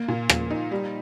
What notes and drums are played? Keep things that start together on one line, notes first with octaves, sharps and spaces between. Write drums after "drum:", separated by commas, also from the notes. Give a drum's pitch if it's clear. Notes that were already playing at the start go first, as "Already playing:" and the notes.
Already playing: A#3
A#2
F3, drum: rim click
D#4
G3